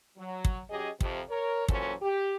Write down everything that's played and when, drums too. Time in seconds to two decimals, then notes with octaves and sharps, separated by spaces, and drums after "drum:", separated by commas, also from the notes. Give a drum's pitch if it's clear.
0.17 F#3
0.45 drum: kick
0.70 F#3 C#4 G4 G#4 D#5
1.01 F2 C3, drum: kick
1.30 A#4 C#5
1.68 A#2 E3 F#3 C#4 A4 C5, drum: kick
2.02 G4